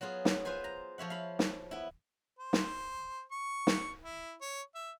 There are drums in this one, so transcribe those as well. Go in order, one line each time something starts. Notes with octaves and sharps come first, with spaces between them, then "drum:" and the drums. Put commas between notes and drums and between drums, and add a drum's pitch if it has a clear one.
F#3 B3 F4 G#4
drum: snare
F4 B4 C5 G#5
A#5
F3 C#5 E5 F#5
F5 B5
drum: snare
B3 E4
C5
drum: snare
C#6
drum: snare
E4
C#5
E5